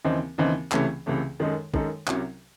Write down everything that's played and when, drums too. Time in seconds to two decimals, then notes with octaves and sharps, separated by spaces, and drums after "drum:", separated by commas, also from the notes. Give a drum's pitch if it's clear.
0.05 D#2 C#3 E3 C4 D#4
0.38 D#2 C#3 E3 C4 D#4
0.72 C#2 C3 E3 A3 C#4, drum: clap
1.06 C#2 C3 E3 A3 C#4
1.39 F#2 D#3 G#3 D#4 A4
1.74 F#2 D#3 G#3 D#4 A4, drum: kick
2.08 C2 C3 F#3 C#4, drum: clap